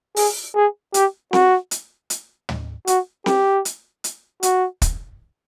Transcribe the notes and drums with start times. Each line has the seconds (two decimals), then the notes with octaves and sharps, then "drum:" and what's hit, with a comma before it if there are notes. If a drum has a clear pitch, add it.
0.16 G#4, drum: open hi-hat
0.55 G#4
0.94 G4, drum: hi-hat
1.33 F#4, drum: snare C4
1.71 drum: hi-hat
2.10 drum: hi-hat
2.49 drum: tom
2.87 F#4, drum: hi-hat
3.26 G4, drum: snare C4
3.65 drum: hi-hat
4.04 drum: hi-hat
4.43 F#4, drum: hi-hat
4.82 drum: kick, hi-hat